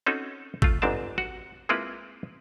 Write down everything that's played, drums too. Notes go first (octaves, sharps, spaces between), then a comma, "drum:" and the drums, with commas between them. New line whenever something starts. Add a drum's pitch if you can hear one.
C4 C#4 D#4 F#4 A4
A3 F4, drum: kick G#1
G1 G#2 C4 D4 A5
F#4
G#3 A#3 C4 E4 F4 B4